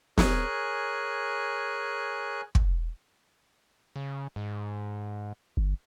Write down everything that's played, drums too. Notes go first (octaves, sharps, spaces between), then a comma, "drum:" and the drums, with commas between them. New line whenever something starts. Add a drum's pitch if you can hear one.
G#4 A#4 C#5 G#5 F#6, drum: snare
drum: kick
C#3
G#2
G1